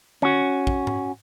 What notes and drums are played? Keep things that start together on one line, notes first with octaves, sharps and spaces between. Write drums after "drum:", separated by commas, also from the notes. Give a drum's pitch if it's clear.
C#4 F#4, drum: tom
drum: kick
drum: tom G#2